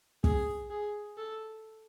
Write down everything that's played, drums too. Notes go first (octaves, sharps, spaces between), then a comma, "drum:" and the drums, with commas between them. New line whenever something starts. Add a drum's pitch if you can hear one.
G#4, drum: kick
G#4
A4